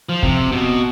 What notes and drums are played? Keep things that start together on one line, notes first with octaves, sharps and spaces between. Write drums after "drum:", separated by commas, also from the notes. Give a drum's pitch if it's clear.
F3
C3, drum: kick
B2